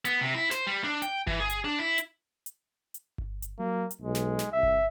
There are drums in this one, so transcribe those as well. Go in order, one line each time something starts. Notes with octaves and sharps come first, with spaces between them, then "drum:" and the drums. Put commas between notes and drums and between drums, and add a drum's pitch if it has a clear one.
B3, drum: hi-hat
C3
E4
C5, drum: snare
G3
D4
G5, drum: hi-hat
E3, drum: kick G1
G#4
drum: hi-hat
D4
E4
drum: hi-hat
drum: hi-hat
drum: hi-hat
drum: kick G1
drum: hi-hat
F#3 A#3
drum: hi-hat
B1 G#3
drum: snare
drum: snare
C2 E5
drum: kick G1